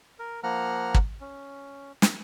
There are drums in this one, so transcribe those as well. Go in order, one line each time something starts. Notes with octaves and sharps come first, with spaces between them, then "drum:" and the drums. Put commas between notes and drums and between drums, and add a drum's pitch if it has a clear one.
A#4
F3 A#3 F#5 A#5 F6
drum: kick
C#4
drum: snare